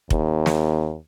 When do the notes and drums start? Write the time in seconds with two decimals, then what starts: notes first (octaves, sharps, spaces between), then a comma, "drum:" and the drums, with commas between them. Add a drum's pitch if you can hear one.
0.10 D#2, drum: kick F1
0.46 drum: snare